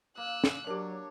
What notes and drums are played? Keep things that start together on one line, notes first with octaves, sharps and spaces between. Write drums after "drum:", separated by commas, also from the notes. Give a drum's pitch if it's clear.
A#3 E6 F#6
drum: snare
F#3 D4 G4 A#4 C#5